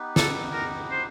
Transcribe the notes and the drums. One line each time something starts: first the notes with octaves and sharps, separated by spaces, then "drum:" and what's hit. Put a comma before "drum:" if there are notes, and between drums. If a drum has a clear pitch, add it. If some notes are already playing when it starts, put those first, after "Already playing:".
Already playing: B3 D#4 G4 B4
A4, drum: snare
A#4
C5